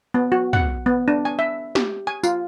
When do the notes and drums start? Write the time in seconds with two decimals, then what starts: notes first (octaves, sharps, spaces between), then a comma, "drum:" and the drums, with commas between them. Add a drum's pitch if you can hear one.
0.14 B3
0.32 F#4
0.53 F#5, drum: tom
0.86 B3
1.08 D4
1.25 G#5
1.39 E5
1.75 G4, drum: snare
2.07 G#5
2.23 F4, drum: tambourine